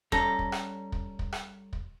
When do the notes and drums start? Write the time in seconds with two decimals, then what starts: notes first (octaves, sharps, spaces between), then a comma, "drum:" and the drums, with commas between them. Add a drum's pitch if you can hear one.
0.12 G3 C#4 A4 A#5, drum: kick
0.39 drum: kick
0.52 drum: rim click
0.92 drum: kick
1.19 drum: kick
1.32 drum: rim click
1.73 drum: kick